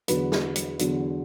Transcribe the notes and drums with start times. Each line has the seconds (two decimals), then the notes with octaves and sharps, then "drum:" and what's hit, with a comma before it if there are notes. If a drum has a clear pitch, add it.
0.08 E2 D3 F#3 B4, drum: hi-hat
0.32 drum: snare
0.56 drum: hi-hat
0.79 E2 D3 F#3, drum: hi-hat